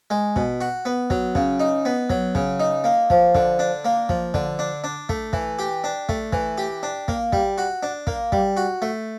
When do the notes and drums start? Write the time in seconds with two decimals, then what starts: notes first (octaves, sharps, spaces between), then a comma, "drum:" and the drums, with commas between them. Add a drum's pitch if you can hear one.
0.10 G#3
0.36 B2, drum: kick
0.61 F#4
0.85 B3
1.10 F#3, drum: kick
1.35 C#3, drum: kick
1.60 D#4
1.85 B3
2.10 F#3, drum: kick
2.35 C#3, drum: kick
2.60 D#4
2.84 A#3
3.10 F3, drum: kick
3.35 D3, drum: kick
3.59 D4
3.85 A#3
4.09 F3, drum: kick
4.34 D3, drum: kick
4.59 D4
4.84 D4
5.09 A3, drum: kick
5.33 E3, drum: kick
5.59 G4
5.84 D4
6.09 A3, drum: kick
6.33 E3, drum: kick
6.58 G4
6.83 D4
7.08 A#3, drum: kick
7.33 G3, drum: kick
7.58 F#4
7.83 D4
8.07 A#3, drum: kick
8.32 G3, drum: kick
8.57 F#4
8.82 A3